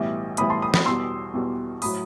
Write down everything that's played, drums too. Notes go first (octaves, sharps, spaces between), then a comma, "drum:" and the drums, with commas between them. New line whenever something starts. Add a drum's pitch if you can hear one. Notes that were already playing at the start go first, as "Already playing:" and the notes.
Already playing: B1 A2 E3 G3
B1 A2 E3 G3 B5 D#6, drum: hi-hat
A5 C6
B5 D#6
B5 D#6, drum: snare
E2 B2 G3 C6 E6
E2 B2 G3
A2 F#3 B5 D#6, drum: open hi-hat